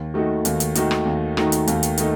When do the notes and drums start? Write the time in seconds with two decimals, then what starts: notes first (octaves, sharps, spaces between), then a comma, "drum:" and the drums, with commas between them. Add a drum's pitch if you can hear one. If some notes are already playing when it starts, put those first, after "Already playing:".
Already playing: D#2
0.14 D#3 A3 D#4 F#4
0.45 D#2, drum: hi-hat
0.60 drum: hi-hat
0.75 D#3 A3 D#4 F#4, drum: hi-hat
0.91 drum: rim click
1.05 D#2
1.37 D#3 A3 D#4 F#4, drum: rim click
1.52 drum: hi-hat
1.67 D#2, drum: hi-hat
1.83 drum: hi-hat
1.98 D#3 A3 D#4, drum: hi-hat